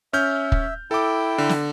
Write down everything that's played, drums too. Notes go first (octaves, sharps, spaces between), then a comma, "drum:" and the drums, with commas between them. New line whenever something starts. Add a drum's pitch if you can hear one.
C#4 E5 F6 G6
drum: kick
E4 A4 G5 D6
D3
drum: snare